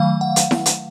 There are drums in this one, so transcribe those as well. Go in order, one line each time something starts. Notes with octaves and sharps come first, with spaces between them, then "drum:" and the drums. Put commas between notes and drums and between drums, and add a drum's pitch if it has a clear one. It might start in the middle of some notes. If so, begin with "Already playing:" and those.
Already playing: D#3 F#3 A3 F5
F#5
drum: hi-hat
drum: snare E4
drum: hi-hat